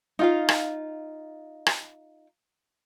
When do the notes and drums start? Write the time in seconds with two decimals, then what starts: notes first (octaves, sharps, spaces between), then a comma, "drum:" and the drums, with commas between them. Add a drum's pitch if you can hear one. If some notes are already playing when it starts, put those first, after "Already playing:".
0.19 D#4 F4 F5
0.49 drum: rim click
1.66 drum: rim click